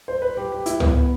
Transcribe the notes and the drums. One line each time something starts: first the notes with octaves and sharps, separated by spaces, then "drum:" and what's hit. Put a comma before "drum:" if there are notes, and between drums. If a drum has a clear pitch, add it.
C5
B4
G4
G4
E4, drum: hi-hat
B3, drum: tom C#2